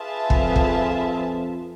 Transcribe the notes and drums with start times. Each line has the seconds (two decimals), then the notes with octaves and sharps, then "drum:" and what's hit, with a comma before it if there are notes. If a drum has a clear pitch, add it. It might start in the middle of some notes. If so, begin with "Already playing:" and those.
Already playing: F4 G#4 B4 E5 A5
0.30 F2, drum: kick
0.56 drum: kick